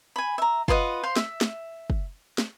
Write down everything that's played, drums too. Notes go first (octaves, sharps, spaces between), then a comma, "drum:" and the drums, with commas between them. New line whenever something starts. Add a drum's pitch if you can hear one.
G#5 B5
E5 A#5
F4 B4 D#5 F#5, drum: kick
C5 F5 C6
E5, drum: snare
drum: snare
drum: kick
drum: snare